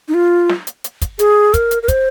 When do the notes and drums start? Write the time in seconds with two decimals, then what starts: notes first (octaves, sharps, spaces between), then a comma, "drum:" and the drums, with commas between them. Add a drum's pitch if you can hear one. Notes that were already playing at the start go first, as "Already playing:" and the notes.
0.08 D#4
0.14 F4
0.49 drum: snare
0.67 drum: hi-hat
0.84 drum: hi-hat
1.02 drum: kick, hi-hat
1.19 G#4, drum: hi-hat
1.54 A#4, drum: kick, hi-hat
1.71 drum: hi-hat
1.83 A#4
1.88 C5, drum: kick, hi-hat